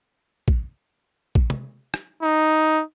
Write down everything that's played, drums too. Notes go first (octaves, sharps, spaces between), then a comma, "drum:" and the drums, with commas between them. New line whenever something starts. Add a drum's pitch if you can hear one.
drum: kick A1
drum: kick A1
drum: tom
drum: rim click
D#4